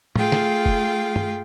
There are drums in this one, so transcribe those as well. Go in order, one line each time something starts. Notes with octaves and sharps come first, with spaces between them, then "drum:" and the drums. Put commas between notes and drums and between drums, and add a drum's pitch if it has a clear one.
A3 F4 G#4 F5 G5, drum: tom
drum: snare
drum: kick
drum: tom